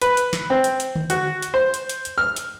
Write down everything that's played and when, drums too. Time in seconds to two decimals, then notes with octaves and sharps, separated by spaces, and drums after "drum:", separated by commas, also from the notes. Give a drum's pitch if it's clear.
0.02 B4, drum: hi-hat
0.17 drum: hi-hat
0.33 drum: snare
0.50 C4
0.64 drum: hi-hat
0.80 drum: hi-hat
0.95 drum: tom D3
1.10 F#4, drum: hi-hat
1.42 drum: hi-hat
1.54 C5
1.74 drum: hi-hat
1.89 drum: hi-hat
2.05 drum: hi-hat
2.18 F6
2.36 drum: hi-hat